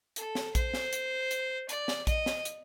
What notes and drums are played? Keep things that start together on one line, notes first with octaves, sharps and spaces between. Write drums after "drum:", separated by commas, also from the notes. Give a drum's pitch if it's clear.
A4, drum: hi-hat
drum: snare
C5, drum: kick A#1, hi-hat
drum: snare
drum: hi-hat
drum: hi-hat
D5, drum: hi-hat
drum: snare
D#5, drum: kick A#1, hi-hat
drum: snare
drum: hi-hat